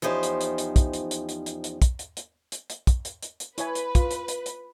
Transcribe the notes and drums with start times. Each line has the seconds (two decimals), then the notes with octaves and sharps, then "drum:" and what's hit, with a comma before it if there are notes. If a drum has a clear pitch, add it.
0.02 E2 F3 C#4 D#4 G4 C5
0.23 drum: hi-hat
0.41 drum: hi-hat
0.58 drum: hi-hat
0.76 drum: kick, hi-hat
0.93 drum: hi-hat
1.11 drum: hi-hat
1.29 drum: hi-hat
1.46 drum: hi-hat
1.64 drum: hi-hat
1.82 drum: kick, hi-hat
1.99 drum: hi-hat
2.17 drum: hi-hat
2.52 drum: hi-hat
2.70 drum: hi-hat
2.87 drum: kick, hi-hat
3.05 drum: hi-hat
3.23 drum: hi-hat
3.40 drum: hi-hat
3.58 E4 B4 C#5 G#5, drum: hi-hat
3.75 drum: hi-hat
3.95 F4, drum: kick, hi-hat
4.11 drum: hi-hat
4.28 drum: hi-hat
4.46 drum: hi-hat